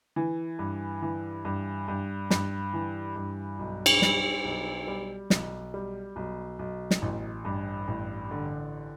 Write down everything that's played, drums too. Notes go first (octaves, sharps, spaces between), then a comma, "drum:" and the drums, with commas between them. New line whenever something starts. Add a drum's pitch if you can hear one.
E3
G2
E3
G2
G2
G2, drum: snare
E3
G2
B1
drum: cymbal
G3, drum: snare
B1
G3
B1, drum: snare
G3
B1
B1
drum: snare
A1
G2
A1
D3